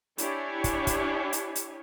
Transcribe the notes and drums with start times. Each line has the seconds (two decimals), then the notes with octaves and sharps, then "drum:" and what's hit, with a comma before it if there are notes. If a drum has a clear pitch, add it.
0.18 D4 E4 G4 C#5 G#5, drum: hi-hat
0.64 drum: kick, hi-hat
0.87 drum: kick, hi-hat
1.33 drum: hi-hat
1.55 drum: hi-hat